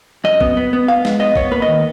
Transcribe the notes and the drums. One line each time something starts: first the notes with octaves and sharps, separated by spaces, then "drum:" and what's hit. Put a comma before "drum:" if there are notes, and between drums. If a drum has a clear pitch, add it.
F#2 D#5
B3, drum: kick G#1
B3
B3
B3 F5
G#3, drum: snare
B3 D#5
B3 C#5, drum: kick G#1
A#3 B4
D#5
D#3